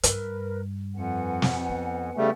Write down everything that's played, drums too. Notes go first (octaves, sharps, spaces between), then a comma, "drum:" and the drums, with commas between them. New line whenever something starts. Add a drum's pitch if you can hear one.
G2 A#4 B4, drum: hi-hat
F2 B4 F#5 G#5
drum: snare
B3
C#3 G3 A3